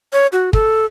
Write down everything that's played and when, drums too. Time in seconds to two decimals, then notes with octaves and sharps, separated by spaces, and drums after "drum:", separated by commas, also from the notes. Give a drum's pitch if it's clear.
0.13 C#5
0.32 F#4
0.53 A4, drum: kick